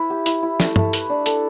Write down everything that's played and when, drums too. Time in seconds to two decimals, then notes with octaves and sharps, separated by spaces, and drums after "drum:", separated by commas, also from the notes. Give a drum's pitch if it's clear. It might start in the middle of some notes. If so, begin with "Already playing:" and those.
Already playing: E4 B4
0.10 G4
0.26 E4, drum: hi-hat
0.43 E4
0.60 A3, drum: snare
0.76 A3, drum: tom
0.93 B4, drum: hi-hat
1.10 D4
1.26 A4, drum: hi-hat